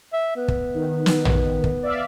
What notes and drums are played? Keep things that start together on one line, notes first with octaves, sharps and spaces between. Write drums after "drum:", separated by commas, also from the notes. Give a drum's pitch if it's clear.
E5
B3
drum: kick
D#3
drum: snare
drum: tom
drum: kick
D5 E5 F5